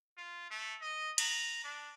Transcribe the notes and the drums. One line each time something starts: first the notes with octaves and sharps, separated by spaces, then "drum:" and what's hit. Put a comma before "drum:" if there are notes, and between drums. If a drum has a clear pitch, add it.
F4
A3
D#5
A#5, drum: cymbal
D4